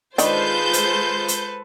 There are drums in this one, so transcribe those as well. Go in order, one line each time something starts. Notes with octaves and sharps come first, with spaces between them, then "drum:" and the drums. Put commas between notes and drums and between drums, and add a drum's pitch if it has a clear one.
D#3 G#3 D4 F4 A4 B4 C5 G6, drum: hi-hat
drum: hi-hat
drum: hi-hat